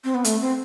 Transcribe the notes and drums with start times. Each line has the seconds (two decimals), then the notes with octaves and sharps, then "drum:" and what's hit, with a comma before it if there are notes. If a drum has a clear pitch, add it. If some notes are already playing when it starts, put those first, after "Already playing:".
0.05 C4
0.15 B3
0.24 A3, drum: hi-hat
0.41 C4